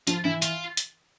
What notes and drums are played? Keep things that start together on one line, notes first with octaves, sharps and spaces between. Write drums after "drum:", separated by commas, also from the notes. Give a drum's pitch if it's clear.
F3 F4, drum: hi-hat
E3 E4
F4, drum: hi-hat
drum: hi-hat